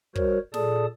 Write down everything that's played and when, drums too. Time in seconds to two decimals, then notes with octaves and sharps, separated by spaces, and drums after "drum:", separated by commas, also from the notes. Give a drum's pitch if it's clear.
0.15 G3 F#4 A#4 C5 C#5, drum: kick
0.54 A#2 G#4 A4 D5 A5 D#6, drum: snare